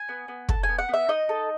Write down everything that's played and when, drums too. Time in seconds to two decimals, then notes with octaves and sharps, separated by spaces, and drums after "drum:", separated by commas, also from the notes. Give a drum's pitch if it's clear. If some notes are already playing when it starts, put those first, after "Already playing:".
Already playing: G#5
0.09 B3
0.28 B3
0.49 A4 A5, drum: kick
0.63 G#5
0.68 B3
0.79 F#5
0.89 B3 E5
1.08 D#4 D#5
1.29 A4